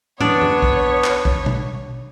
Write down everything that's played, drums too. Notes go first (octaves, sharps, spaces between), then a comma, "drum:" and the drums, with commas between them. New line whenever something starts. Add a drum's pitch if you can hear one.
B3 D4 C#5, drum: tom
drum: tom F#2
drum: kick
drum: clap
drum: kick
drum: tom B2